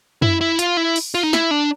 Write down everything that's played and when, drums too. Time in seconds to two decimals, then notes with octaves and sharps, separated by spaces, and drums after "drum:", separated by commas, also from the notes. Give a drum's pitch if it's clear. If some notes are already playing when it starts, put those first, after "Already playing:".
0.22 E4, drum: tom F#2
0.41 E4
0.59 F4, drum: hi-hat
0.77 E4
0.96 drum: open hi-hat
1.14 F4
1.23 D#4
1.33 E4, drum: snare
1.51 D4